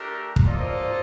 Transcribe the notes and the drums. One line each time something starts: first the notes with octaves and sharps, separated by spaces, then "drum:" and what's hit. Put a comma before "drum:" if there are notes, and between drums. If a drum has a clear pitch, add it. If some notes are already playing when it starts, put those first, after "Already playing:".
Already playing: A3 D4 G4 A#4
drum: kick
A#3 F4 A4 D5 D#5
C5
D5
C5